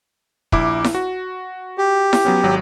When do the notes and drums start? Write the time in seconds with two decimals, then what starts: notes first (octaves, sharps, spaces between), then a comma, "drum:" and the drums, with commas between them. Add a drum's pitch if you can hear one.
0.52 A#1 E4 D6, drum: kick
0.84 drum: snare E4
0.95 F#4
1.78 G4
2.13 drum: snare E4
2.25 F#3 B3 C#4
2.43 G#1 F#3